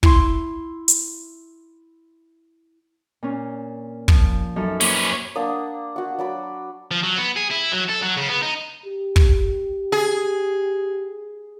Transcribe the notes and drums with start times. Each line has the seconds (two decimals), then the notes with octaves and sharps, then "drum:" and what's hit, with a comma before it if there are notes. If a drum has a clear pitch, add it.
0.03 E4 C6, drum: kick
0.88 drum: hi-hat
3.23 A#2 C#4
4.08 F3, drum: kick
4.56 F#2 D#4 A4
4.81 A#3 B3 C#4 C5 D6, drum: open hi-hat
5.36 A#3 D4 F#5 D#6
5.96 F#4 F#5
6.19 F#3 D5 B5
6.91 F3
7.03 F#3
7.18 B3
7.36 G#4
7.50 E4
7.72 F#3
7.89 A4
8.02 F#3
8.17 C#3
8.29 B3
8.43 D#4
8.85 G4
9.16 drum: kick
9.92 G#4